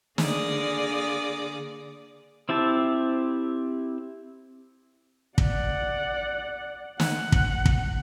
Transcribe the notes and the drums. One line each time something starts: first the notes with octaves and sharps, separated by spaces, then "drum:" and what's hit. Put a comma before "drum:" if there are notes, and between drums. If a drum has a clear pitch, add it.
D3 A#3 G#4 D5 D#6, drum: snare
C4 E4 G4 A5
D5 F#5, drum: kick
F#5, drum: snare
drum: kick
drum: kick